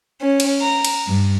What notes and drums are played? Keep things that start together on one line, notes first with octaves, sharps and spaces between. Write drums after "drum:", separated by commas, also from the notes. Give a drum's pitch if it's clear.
C#4
drum: cymbal
A#5
drum: cymbal
G2